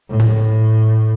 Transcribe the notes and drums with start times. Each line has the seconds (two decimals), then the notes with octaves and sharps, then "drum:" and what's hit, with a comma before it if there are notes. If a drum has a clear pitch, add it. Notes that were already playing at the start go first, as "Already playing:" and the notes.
0.09 A2
0.20 drum: tom A2